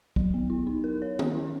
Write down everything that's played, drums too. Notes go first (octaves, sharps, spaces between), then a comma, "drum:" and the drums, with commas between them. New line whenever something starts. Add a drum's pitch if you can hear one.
F#3, drum: kick
B3
E4
D#4
A#4
C#5
C#4, drum: tom
E4